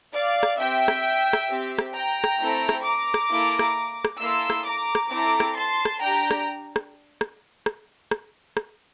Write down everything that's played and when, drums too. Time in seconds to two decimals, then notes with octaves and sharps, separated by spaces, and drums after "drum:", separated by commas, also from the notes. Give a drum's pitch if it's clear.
0.12 D5 F5
0.43 drum: rim click
0.58 C4 G4 E5 G5
0.88 drum: rim click
1.33 drum: rim click
1.48 C4 G4
1.78 drum: rim click
1.94 G5 A#5
2.24 drum: rim click
2.39 A3 C4 E4 A4
2.69 drum: rim click
2.84 A#5 D6
3.14 drum: rim click
3.30 A#3 E4 A4
3.59 drum: rim click
4.05 drum: rim click
4.19 A#3 E4 A4 C6 E6
4.50 drum: rim click
4.64 A#5 D6
4.95 drum: rim click
5.10 C4 E4 A4 A#5 D6
5.40 drum: rim click
5.55 A5 C6
5.85 drum: rim click
6.00 D4 G4 G5 A#5
6.31 drum: rim click
6.76 drum: rim click
7.21 drum: rim click
7.66 drum: rim click
8.11 drum: rim click
8.57 drum: rim click